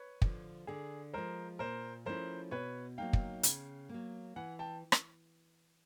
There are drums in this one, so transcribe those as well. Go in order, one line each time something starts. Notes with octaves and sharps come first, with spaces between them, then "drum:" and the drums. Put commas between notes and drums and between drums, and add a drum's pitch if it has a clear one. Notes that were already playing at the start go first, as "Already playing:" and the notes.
Already playing: B4 C#5
D3 F3, drum: kick
D3 G#4
F3 G#3 A#4 C5
A#2 A#4 C5
F3 A3 C#4 E4 A#4 C5
B2 B4 C#5
F#3 A#3 D#4 F5 G5
drum: kick
C#3, drum: hi-hat
F#3 A#3
E3 F#5 G#5
G5 A5
drum: rim click